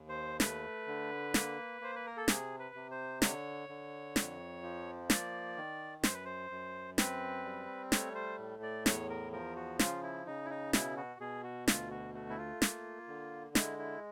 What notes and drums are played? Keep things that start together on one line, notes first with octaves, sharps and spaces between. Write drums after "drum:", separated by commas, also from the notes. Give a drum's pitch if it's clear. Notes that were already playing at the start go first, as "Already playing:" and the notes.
Already playing: D#2
C5
A3 B4, drum: snare
D3
A#3, drum: snare
A#3 C5
B4
A#4
A4
C3 G#4, drum: snare
B4
C3
C5
D3 C#5, drum: snare
D3
F2, drum: snare
F3
A#3 D5, drum: snare
D#3
F#2 C5, drum: snare
B4
C5
F#2
C4 B4, drum: snare
G3
A3 C#5, drum: snare
C5
A2
D5
E2 C#5, drum: snare
A#4
F3 A#4
F#4
C#3 F4, drum: snare
E4
C#3 D#4
E4
D#4
B2 E4, drum: snare
F#4
B2 G#4
F#4
D2 F4, drum: snare
F#4
A3 F#4
E4
F4
A#3, drum: snare
D3
G#3 E4, drum: snare
E4